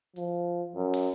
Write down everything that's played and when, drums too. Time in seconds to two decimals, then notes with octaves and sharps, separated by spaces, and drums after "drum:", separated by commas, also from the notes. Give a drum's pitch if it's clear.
0.16 F3, drum: hi-hat
0.76 F#2
0.94 drum: open hi-hat